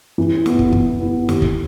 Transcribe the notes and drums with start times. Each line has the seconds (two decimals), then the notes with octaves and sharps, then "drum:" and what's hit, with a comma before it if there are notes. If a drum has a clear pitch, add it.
0.18 E3
0.46 B3 E4, drum: snare
0.59 drum: kick
0.73 E3, drum: kick
1.00 B3 E4
1.29 D#2, drum: snare
1.42 drum: kick